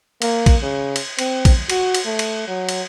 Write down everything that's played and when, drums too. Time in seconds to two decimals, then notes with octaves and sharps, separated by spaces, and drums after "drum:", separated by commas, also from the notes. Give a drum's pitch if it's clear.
0.22 A#3, drum: cymbal
0.46 drum: kick A#1, cymbal
0.63 C#3
0.96 drum: cymbal
1.19 C4, drum: cymbal
1.45 drum: kick A#1, cymbal
1.70 F#4, drum: cymbal
1.94 drum: cymbal
2.05 A3
2.19 drum: cymbal
2.47 F#3
2.69 drum: cymbal